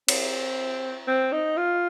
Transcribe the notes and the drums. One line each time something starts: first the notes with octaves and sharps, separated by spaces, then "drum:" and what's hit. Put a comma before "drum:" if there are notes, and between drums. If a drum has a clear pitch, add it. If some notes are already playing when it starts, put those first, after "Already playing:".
C4, drum: cymbal
C4
D#4
F4